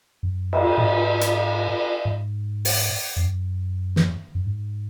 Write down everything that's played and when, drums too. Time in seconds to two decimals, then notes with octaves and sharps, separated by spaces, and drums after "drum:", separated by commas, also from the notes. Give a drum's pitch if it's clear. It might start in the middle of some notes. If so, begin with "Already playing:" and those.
0.23 F#2
0.53 drum: cymbal
0.78 A#2
0.83 G#2
1.21 drum: hi-hat
2.05 G#2
2.65 drum: open hi-hat
3.16 F2
3.25 F#2
3.96 drum: snare
4.35 F#2
4.46 G#2